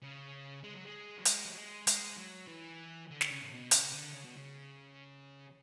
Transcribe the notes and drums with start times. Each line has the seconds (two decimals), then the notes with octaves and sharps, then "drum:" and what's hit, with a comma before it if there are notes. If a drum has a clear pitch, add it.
0.02 C#3
0.64 G#3
0.75 F#3
0.85 G#3
1.18 F#3
1.25 G#3, drum: hi-hat
1.45 F#3
1.57 G#3
1.87 G#3, drum: hi-hat
2.18 F#3
2.48 E3
3.11 D3
3.21 drum: snare
3.30 C#3
3.42 A2
3.51 B2
3.71 C#3, drum: hi-hat
3.92 D3
4.13 C#3
4.25 B2
4.37 C#3